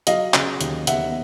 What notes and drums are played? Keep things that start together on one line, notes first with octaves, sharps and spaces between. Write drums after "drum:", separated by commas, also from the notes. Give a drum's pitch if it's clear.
F#3 D#5 F5, drum: hi-hat
C#3, drum: clap
D#2, drum: hi-hat
D#2 E5 F#5, drum: hi-hat